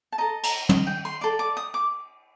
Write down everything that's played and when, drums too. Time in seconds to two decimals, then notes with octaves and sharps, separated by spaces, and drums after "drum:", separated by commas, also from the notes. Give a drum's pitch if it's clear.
0.12 A5
0.18 A4 D#5 A#5
0.43 A#5, drum: cymbal
0.69 D#5, drum: tom
0.87 G5
1.05 C6
1.21 A4 D5 D6
1.39 D6
1.57 D#6
1.74 D6